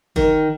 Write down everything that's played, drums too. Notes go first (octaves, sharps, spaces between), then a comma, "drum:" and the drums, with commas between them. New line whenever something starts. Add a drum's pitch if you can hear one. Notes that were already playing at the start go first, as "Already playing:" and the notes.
D#3, drum: kick F#1